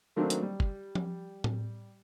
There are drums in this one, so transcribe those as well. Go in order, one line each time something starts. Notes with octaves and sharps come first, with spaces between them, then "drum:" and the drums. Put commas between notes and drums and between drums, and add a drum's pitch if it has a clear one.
D#3 F#3 A3 A#3 C4 D4
drum: hi-hat
G3
drum: kick
drum: tom F3
drum: tom A2